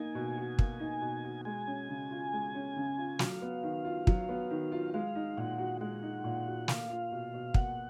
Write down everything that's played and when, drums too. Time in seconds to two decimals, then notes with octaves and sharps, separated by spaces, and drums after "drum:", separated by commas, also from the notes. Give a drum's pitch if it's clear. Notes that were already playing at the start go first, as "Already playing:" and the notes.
Already playing: A#3 D#4 G#5
0.15 B2
0.37 F#4
0.59 A#3, drum: kick
0.80 D#4
1.02 B2
1.24 F#4
1.45 G#3 G#5
1.67 C#4
1.89 C#3
2.11 F4
2.33 G#3
2.55 C#4
2.76 C#3
2.98 F4
3.19 F#3 F5, drum: snare
3.42 B3
3.63 D#3
3.85 F4
4.07 F#3, drum: kick
4.29 B3
4.50 D#3
4.72 F4
4.94 G#3 F5
5.15 D#4
5.37 A#2 F#5
5.58 F#4
5.81 G#3 F#5
6.02 D#4
6.24 A#2
6.47 F#4
6.68 A#3 F5, drum: snare
6.90 F4
7.12 B2
7.34 B2
7.54 A#3 F#5, drum: kick